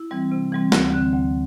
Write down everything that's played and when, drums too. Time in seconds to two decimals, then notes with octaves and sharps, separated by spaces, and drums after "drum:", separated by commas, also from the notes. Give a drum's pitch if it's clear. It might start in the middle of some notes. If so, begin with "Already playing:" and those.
Already playing: E4
0.11 E3 G3 C4
0.32 C3
0.52 E3 G3 C4
0.72 D2, drum: snare
0.94 D3 C4
1.13 D2